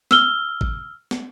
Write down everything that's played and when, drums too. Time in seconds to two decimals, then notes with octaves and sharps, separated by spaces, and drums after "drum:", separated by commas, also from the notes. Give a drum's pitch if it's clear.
0.11 E6 F6 G7, drum: snare
0.61 drum: kick
1.11 drum: snare